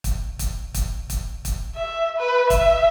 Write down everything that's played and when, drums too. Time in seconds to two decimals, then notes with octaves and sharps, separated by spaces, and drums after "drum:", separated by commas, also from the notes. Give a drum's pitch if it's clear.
0.04 drum: kick, hi-hat
0.39 drum: kick, hi-hat
0.74 drum: kick, hi-hat
1.10 drum: kick, hi-hat
1.45 drum: kick, hi-hat
1.76 E5
2.18 B4
2.50 E5, drum: kick, hi-hat